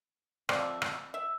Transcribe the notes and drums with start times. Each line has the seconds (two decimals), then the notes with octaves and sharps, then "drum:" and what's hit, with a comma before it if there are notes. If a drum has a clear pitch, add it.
0.49 F3 A3 C4 D5, drum: rim click
0.82 drum: rim click
1.14 E5